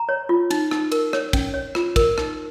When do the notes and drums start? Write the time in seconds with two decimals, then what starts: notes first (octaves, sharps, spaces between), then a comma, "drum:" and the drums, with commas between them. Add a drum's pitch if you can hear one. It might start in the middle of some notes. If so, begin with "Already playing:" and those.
Already playing: A#5
0.09 C#5
0.29 F4
0.51 D#4, drum: cymbal
0.71 D#4, drum: rim click
0.92 A#4, drum: cymbal
1.13 C#5, drum: rim click
1.33 C#4, drum: kick, cymbal
1.54 C#5
1.75 F4, drum: rim click
1.96 A#4, drum: kick, cymbal
2.18 D#4, drum: rim click